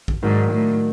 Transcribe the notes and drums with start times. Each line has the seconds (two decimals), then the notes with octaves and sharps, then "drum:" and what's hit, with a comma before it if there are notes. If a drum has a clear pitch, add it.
0.08 drum: kick
0.22 G#2 D#3 F#3 A#3 D4
0.52 A2